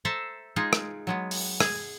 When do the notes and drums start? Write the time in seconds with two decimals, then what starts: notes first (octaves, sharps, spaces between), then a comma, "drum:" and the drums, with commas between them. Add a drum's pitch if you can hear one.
0.05 A4 C5 E5 A5 A#5
0.56 G#3 D#4 F4 G#4
0.73 drum: rim click
1.07 F#3 G#3 B3
1.31 drum: open hi-hat
1.60 G#4, drum: rim click